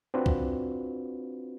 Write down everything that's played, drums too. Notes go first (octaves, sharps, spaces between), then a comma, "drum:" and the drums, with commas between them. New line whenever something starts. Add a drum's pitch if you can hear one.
C4 D4 F4 F#4 B4
drum: kick C2